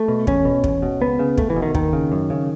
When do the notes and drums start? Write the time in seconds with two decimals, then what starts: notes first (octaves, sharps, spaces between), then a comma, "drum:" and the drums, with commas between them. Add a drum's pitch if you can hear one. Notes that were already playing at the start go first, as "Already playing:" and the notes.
Already playing: A3
0.08 B2
0.27 E2 C#4, drum: kick
0.45 B2
0.64 E2, drum: kick
0.82 B2
1.01 C#2 B3
1.19 C#3
1.38 C#2 A3, drum: kick
1.50 E3
1.56 B2
1.62 D#3
1.75 D#2 D#3, drum: kick
1.93 C#3
2.12 F#2
2.30 C#3